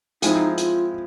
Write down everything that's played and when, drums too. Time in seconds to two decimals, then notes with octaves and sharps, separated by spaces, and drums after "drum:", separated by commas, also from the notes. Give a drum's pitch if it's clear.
0.22 F3 G#3 C4 D#4 E4, drum: hi-hat
0.58 F4, drum: hi-hat